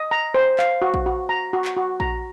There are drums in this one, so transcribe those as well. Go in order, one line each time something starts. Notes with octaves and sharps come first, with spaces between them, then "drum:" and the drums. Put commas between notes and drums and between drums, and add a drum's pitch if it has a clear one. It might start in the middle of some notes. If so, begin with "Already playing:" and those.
Already playing: D#5
A#5
C5
F5, drum: clap
F#4
drum: kick A#1
F#4
A#5
F#4
drum: clap
F#4
A#5, drum: kick A#1